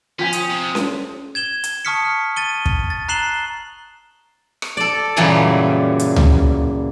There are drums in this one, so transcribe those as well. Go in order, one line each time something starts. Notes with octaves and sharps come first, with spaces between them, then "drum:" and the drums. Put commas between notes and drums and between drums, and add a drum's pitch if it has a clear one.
F3 C#4 G5 G#5 B6
D#6, drum: hi-hat
C3
drum: snare C#4
G#6 E7 G7
drum: hi-hat
A5 C#6 D#6 F6 B6 C#7
A6 D#7 G7
drum: kick
A6
A#5 F#6 C7 E7 F#7 G7
drum: rim click
A4 D5
F#2 A#2 C#3 E3 F#3 G3
drum: hi-hat
drum: tom C#2